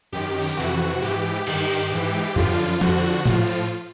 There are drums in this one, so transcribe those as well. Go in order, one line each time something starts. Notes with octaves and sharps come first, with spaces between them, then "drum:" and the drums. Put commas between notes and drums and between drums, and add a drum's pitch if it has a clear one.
F#2 D#3 G4
drum: open hi-hat
F2 C3 E3 F#4
G#2 E3 G4
G2 D#3, drum: cymbal
G#2 E3
F#2 D3 F3 F4, drum: tom
F2 D3 F3 F#4, drum: tom F3
A2 F3 F4, drum: tom